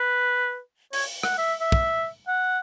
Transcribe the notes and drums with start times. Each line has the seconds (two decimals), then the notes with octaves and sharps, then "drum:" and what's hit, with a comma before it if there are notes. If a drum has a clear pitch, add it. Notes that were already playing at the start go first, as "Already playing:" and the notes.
Already playing: B4
0.93 C#5, drum: open hi-hat
1.23 F#5, drum: rim click
1.38 E5
1.60 E5
1.72 drum: kick
2.28 F#5